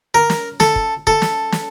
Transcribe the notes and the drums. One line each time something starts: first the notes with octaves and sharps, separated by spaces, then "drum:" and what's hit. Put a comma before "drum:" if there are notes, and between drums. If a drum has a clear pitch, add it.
A#4
drum: snare
A4, drum: snare
drum: kick
A4, drum: kick
drum: snare
drum: snare